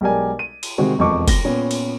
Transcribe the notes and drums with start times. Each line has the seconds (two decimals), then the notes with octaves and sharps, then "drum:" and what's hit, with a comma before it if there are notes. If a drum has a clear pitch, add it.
0.01 B1 G#3 G4 A#4 D5 G#5
0.39 D#7
0.63 drum: cymbal
0.78 C3 D#3 G#3 C4 F#4
0.99 E1 F2 D#5 C#6 D6
1.28 A#6 G7, drum: kick, cymbal
1.45 A#2 B3 C#4
1.71 drum: cymbal